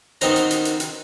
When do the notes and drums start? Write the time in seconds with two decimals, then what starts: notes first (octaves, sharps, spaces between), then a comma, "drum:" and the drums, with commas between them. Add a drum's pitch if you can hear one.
0.21 D#3 B3 C4 D#4 C5 A#5, drum: hi-hat
0.36 drum: hi-hat
0.51 drum: hi-hat
0.65 drum: hi-hat
0.80 drum: hi-hat